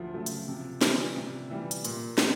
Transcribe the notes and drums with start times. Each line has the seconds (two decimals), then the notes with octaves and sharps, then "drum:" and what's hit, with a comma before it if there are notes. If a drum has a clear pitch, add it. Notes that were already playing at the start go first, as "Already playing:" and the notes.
Already playing: D2 F3 F#3
0.14 C#3 F#3 A3
0.26 drum: hi-hat
0.48 C3
0.81 E3 G3, drum: snare
1.16 C3
1.50 E3 G3
1.71 drum: hi-hat
1.85 A#2, drum: hi-hat
2.18 F#3 B3 D4 G4, drum: snare